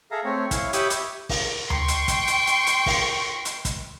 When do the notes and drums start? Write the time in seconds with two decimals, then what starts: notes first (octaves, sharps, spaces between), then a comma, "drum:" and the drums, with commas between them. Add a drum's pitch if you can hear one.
0.11 G#4 A4 E5 F5 A#5
0.24 A3 C4 C#5
0.51 E4 C#5 F5 G#5, drum: kick, hi-hat
0.73 G4 C#5 E5 B5 D6 D#6, drum: hi-hat
0.90 drum: hi-hat
1.29 drum: kick, open hi-hat
1.70 G5 C6 C#6, drum: tom D2
1.88 drum: hi-hat
2.08 drum: kick, hi-hat
2.27 drum: hi-hat
2.47 drum: hi-hat
2.67 drum: hi-hat
2.86 drum: kick, open hi-hat
3.45 drum: hi-hat
3.65 drum: kick, hi-hat